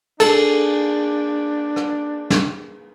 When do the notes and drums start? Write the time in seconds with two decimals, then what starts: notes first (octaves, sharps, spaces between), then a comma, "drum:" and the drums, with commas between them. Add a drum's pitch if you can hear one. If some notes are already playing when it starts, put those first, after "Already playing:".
0.20 A#3 D4 G#4 A4, drum: cymbal
1.76 drum: rim click
2.30 drum: snare